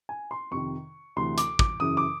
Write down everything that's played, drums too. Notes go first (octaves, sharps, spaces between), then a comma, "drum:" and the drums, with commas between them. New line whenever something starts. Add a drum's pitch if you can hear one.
G#5
C6
F2 C3 D#3 C#6
D2 C3 E3 C6
D6, drum: hi-hat
D6, drum: kick
F#2 C#3 E3 D#6
D6